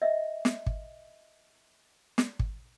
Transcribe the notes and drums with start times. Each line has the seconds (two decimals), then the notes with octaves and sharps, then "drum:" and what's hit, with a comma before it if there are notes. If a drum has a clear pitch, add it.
0.02 D#5 E5
0.45 drum: snare
0.66 drum: kick
2.18 drum: snare
2.39 drum: kick